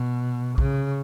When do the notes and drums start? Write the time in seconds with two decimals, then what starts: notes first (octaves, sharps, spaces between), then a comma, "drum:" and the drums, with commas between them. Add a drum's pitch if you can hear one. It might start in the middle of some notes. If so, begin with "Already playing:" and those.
Already playing: B2
0.58 C#3, drum: kick